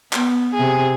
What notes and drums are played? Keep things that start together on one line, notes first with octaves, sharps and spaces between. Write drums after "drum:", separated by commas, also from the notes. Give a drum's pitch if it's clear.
B3, drum: clap
C3 G#4